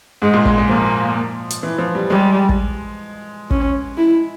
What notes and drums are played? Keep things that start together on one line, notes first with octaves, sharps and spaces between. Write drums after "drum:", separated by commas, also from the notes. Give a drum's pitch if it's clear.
G#2 G#3
A#2
G#3, drum: kick
G#3
F3 A#3
drum: hi-hat
E3
F3
G3
G3 G#3
drum: kick
C#4, drum: kick
E4